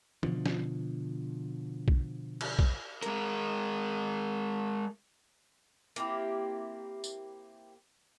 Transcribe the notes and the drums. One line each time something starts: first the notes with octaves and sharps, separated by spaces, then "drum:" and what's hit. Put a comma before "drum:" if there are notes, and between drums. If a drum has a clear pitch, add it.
B2 D3 F3, drum: tom
drum: snare
drum: kick
drum: cymbal
drum: kick
G#3 A#4, drum: hi-hat
A#3 C4 E4 G4, drum: hi-hat
drum: tambourine